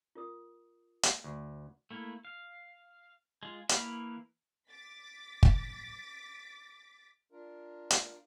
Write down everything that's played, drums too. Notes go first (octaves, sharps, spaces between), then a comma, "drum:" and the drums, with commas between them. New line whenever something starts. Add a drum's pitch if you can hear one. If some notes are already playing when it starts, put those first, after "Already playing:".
F4 A#4 D#6
drum: hi-hat
D2
A3 A#3 E4
F5
G#3 F4
E3 A#3 F5 B5, drum: hi-hat
D6 A6 B6
drum: kick
D4 F4 A#4
drum: hi-hat